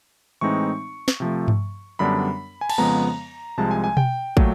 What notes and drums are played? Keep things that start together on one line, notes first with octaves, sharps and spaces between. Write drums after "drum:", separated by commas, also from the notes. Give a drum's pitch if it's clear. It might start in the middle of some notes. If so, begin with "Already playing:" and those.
A2 E3 G#3 C4 D#4 C#6
drum: snare
C3 F3 A3
drum: tom G2
F#2 D3 G3 B3 D4 B5
G#5
A5, drum: cymbal
F2 C#3 F3 G#3 B3 A#5
C2 C3 F3 G#3 A5
G#5
G#5
G5, drum: tom B2
A#2 F#3 A3, drum: kick